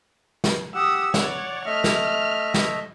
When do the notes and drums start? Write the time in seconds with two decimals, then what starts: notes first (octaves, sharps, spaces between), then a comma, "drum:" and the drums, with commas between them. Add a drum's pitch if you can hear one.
0.44 drum: snare
0.75 G4 F#5 D#6 E6
1.14 C#5 D5 F#5, drum: snare
1.66 A3 D#5 E5 F6
1.84 drum: snare
2.54 drum: snare